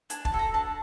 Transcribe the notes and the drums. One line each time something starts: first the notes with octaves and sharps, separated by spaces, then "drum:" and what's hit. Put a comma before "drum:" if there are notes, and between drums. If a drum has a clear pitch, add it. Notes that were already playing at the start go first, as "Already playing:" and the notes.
D4 G#5, drum: hi-hat
A5, drum: kick
F#4 A4
A#5
D4 A5